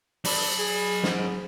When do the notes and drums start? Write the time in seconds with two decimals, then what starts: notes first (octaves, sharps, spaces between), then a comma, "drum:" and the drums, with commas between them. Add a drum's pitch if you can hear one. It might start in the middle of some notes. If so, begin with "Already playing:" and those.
0.25 F#3 D4 B5, drum: open hi-hat
0.59 G#4
1.03 G#2, drum: snare